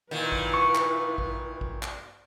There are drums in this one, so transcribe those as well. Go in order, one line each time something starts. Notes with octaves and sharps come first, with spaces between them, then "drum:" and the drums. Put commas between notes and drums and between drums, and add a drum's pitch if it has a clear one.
A#2 D#3 E4 B4
drum: kick A1
C#6
drum: clap
drum: kick A1
drum: kick A1
drum: clap